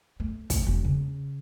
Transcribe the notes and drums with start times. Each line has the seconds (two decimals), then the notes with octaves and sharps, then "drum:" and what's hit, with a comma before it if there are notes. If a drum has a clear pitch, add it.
0.20 A3
0.50 E2, drum: kick, hi-hat
0.66 E1
0.85 C#3